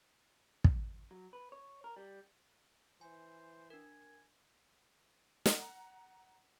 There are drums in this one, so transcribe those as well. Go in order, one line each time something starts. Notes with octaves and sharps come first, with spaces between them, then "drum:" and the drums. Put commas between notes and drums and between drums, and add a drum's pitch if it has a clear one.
drum: kick
F#3
B4
C#5
A#4
G3
E3 C5 G#5
D4 A#4 G#5
F#5 A#5, drum: snare